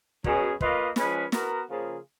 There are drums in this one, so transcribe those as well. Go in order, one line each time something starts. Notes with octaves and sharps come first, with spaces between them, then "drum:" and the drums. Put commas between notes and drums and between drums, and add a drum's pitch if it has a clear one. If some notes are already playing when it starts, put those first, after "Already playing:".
B2 F#3 C#4 G#4, drum: kick
A#3 F4 B4 D#5, drum: kick
F3 G#3 C#4 G#4 B4, drum: snare
B3 F#4 A#4, drum: snare
C#3 F3 A#3 F4 G#4